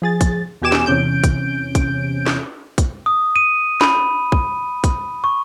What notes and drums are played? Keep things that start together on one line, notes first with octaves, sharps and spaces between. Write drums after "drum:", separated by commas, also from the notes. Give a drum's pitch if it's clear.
F3 G#4 A6
drum: kick, hi-hat
E2 B2 G4 G#5 D6 E7
drum: snare
E2 C3 C#4 G6 D7
drum: kick, hi-hat
drum: kick, hi-hat
drum: snare
drum: kick, hi-hat
D#6
D#7
B5, drum: snare
drum: kick
drum: kick, hi-hat
C#6